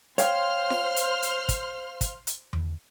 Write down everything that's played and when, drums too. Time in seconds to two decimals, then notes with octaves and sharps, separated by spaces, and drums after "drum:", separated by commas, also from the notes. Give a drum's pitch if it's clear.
0.18 C5 C#5 F5 G5 C6 F6, drum: hi-hat
0.70 drum: snare F4
0.96 drum: hi-hat
1.22 drum: hi-hat
1.49 drum: kick, hi-hat
2.01 drum: kick, hi-hat
2.27 drum: hi-hat
2.53 drum: tom E2